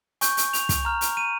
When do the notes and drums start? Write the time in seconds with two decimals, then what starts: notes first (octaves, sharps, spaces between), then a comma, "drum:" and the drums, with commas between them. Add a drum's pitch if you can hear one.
0.21 G#5 C#6 G6, drum: hi-hat
0.37 drum: hi-hat
0.53 F7, drum: hi-hat
0.69 drum: kick, hi-hat
0.85 A#5 F6
1.01 drum: hi-hat
1.17 D#7